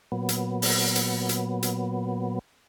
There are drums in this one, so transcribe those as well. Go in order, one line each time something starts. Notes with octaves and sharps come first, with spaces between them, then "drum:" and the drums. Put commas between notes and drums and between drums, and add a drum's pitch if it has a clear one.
A#2 F#3 B3
drum: hi-hat
drum: open hi-hat
drum: hi-hat
drum: hi-hat
drum: hi-hat